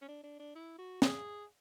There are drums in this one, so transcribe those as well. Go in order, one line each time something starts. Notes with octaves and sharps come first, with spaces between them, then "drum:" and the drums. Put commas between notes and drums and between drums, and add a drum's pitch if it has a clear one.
C#4
D4
D4
D4
E4
F#4
G#4, drum: snare